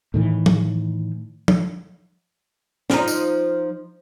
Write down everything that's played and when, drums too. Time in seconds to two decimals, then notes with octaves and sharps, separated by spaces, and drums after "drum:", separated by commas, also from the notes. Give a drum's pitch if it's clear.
0.14 A2 D#3 E3
0.46 drum: tom
1.48 drum: tom
2.90 F3 D#4, drum: snare
3.08 drum: tambourine